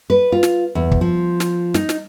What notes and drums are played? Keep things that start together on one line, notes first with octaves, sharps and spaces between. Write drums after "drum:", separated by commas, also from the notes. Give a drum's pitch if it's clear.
B4
F4
drum: snare
E2
drum: kick
F3
drum: snare
D#4, drum: snare
drum: snare